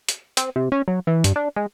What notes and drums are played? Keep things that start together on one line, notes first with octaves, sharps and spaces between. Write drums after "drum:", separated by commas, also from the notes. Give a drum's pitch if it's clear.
drum: hi-hat
C4, drum: hi-hat
C3
C#4
F#3
E3
G2, drum: hi-hat
D4
G#3